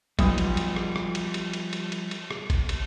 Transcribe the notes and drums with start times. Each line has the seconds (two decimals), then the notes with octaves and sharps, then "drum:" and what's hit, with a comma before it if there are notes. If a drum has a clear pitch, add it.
0.19 B1 F#2 F3 G3 D#6, drum: kick G#1, cymbal
0.38 drum: cymbal
0.57 drum: cymbal
0.76 drum: rim click
0.96 drum: rim click
1.15 drum: cymbal
1.34 drum: cymbal
1.53 drum: cymbal
1.73 drum: cymbal
1.92 drum: cymbal
2.11 drum: cymbal
2.31 drum: rim click
2.50 drum: kick G#1, cymbal
2.69 drum: cymbal